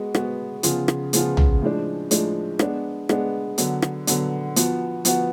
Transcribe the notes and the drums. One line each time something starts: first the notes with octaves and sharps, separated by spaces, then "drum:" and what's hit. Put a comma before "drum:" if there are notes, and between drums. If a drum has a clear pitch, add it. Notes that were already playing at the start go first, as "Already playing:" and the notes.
Already playing: G#3 B3 F#4
G#3 B3 F#4, drum: rim click
C#3 F3 B3 F4, drum: hi-hat
drum: rim click
C#3 F3 B3 F4, drum: hi-hat
drum: tom
A2 F3 G#3 D4
A2 F3 G#3 D4, drum: hi-hat
G#3 B3 D4, drum: rim click
G#3 B3 D4, drum: rim click
D3 F#3 B3, drum: hi-hat
drum: rim click
D3 F#3 B3, drum: hi-hat
F3 B3 F#4, drum: hi-hat
F3 B3 F#4, drum: hi-hat